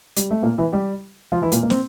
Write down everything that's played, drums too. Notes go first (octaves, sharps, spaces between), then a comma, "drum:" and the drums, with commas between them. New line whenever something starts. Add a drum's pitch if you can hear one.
G3, drum: hi-hat
A3
A#2 A#3
E3 E4
G3 G4
F3 F4
E3 E4
A#2 A#3, drum: hi-hat
A#3
C4, drum: snare